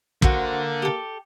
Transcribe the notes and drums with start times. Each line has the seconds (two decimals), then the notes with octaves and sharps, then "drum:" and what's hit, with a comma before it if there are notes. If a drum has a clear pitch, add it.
0.22 D3 A#3 F#4 C5, drum: kick
0.82 G4 A4